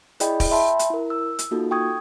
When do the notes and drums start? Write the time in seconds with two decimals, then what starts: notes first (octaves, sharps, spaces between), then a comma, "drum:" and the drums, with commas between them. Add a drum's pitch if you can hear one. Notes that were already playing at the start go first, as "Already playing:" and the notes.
0.20 E4 G#4 D5 D#5 G5 B5, drum: hi-hat
0.40 drum: kick, open hi-hat
0.51 E5 G5 A5 B5 C6
0.79 drum: hi-hat
0.90 E4 A#4
1.10 E6
1.39 drum: hi-hat
1.51 A#3 D#4 F4 F#4 A4
1.71 G5 C#6 D#6 G#6